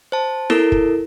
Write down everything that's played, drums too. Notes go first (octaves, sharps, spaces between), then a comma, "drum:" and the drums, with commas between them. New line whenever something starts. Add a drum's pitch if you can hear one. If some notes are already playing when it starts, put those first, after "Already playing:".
C5 A5
E4 A4 A#4, drum: snare E4
drum: kick